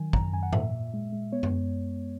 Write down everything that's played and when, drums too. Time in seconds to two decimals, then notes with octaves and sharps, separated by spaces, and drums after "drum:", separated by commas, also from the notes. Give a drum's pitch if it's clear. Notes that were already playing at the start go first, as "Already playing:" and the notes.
Already playing: D#3 F#3 G#5
0.13 F#2 A#5, drum: kick
0.33 F#2 G#5
0.43 F#5
0.53 A#2 E5, drum: tom G#2
0.73 A#2
0.94 G#3
1.12 G#3
1.32 B3 C#5
1.43 drum: tom F#2